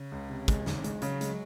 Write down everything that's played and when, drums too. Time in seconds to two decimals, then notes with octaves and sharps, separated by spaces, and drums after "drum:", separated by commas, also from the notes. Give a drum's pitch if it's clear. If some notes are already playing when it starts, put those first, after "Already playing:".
Already playing: C#3
0.12 C#2
0.29 C3
0.48 G#3, drum: kick, hi-hat
0.66 G#1, drum: snare
0.84 G#3, drum: hi-hat
1.01 C#3 F#3, drum: hi-hat
1.21 G#3, drum: hi-hat